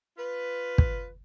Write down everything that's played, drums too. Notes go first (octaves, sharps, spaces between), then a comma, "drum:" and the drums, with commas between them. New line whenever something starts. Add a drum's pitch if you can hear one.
F4 B4
drum: kick